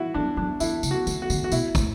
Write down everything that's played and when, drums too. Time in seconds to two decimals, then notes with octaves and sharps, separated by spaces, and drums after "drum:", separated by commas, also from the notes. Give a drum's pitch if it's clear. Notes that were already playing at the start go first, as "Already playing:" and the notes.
Already playing: E4 F#4
0.14 F#3 D4
0.37 F#3 D4
0.60 E3 E4, drum: tambourine
0.83 C#3, drum: tambourine
0.91 F#4
1.07 D3, drum: tambourine
1.22 F#4
1.30 D3, drum: tambourine
1.44 F#4
1.52 B2 E4, drum: tambourine
1.75 A2, drum: kick, tambourine